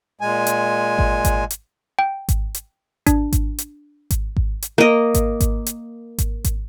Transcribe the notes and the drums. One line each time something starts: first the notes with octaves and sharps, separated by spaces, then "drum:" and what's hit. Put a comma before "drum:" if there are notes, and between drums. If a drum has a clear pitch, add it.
A#2 G#3 G#5
drum: hi-hat
drum: kick G#1
drum: kick G#1, hi-hat
drum: hi-hat
G5
drum: kick G#1, hi-hat
drum: hi-hat
D4, drum: kick G#1, hi-hat
drum: kick G#1, hi-hat
drum: hi-hat
drum: kick G#1, hi-hat
drum: kick G#1
drum: hi-hat
A#3 D#5
drum: kick G#1, hi-hat
drum: kick G#1, hi-hat
drum: hi-hat
drum: kick G#1, hi-hat
drum: kick G#1, hi-hat